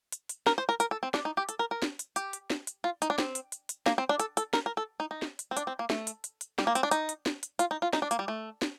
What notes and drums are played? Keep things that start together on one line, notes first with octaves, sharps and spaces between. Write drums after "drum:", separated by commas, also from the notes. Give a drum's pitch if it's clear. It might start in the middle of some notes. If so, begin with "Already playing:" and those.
drum: hi-hat
drum: hi-hat
A#4, drum: snare
C5
A#4
A#4, drum: hi-hat
A4
C4
D4, drum: snare
D#4
G4
A4, drum: hi-hat
A#4
A#4
drum: snare
drum: hi-hat
G4, drum: hi-hat
drum: hi-hat
drum: snare
drum: hi-hat
F4
D#4, drum: hi-hat
D4
C4, drum: snare
drum: hi-hat
drum: hi-hat
drum: hi-hat
A#3, drum: snare
C4
D4
A4, drum: hi-hat
A4, drum: hi-hat
A#4, drum: snare
A#4
A4
D#4
D#4
drum: snare
drum: hi-hat
C4
D4, drum: hi-hat
C4
A#3
A3, drum: snare
drum: hi-hat
drum: hi-hat
drum: hi-hat
G3, drum: snare
A#3
C4, drum: hi-hat
D4
D#4, drum: hi-hat
drum: hi-hat
drum: snare
drum: hi-hat
F4, drum: hi-hat
D#4
F4
D#4, drum: snare
D4
A#3, drum: hi-hat
G3
A3
drum: snare